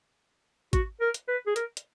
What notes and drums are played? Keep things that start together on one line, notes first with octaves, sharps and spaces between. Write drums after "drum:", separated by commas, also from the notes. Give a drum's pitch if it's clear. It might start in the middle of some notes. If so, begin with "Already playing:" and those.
F#4, drum: kick G#1, hi-hat
A#4
drum: hi-hat
B4
G#4
A#4, drum: hi-hat
drum: hi-hat